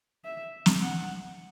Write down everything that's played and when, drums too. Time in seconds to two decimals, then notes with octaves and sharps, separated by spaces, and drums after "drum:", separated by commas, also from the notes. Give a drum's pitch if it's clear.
0.25 E5
0.66 drum: snare
0.81 F#5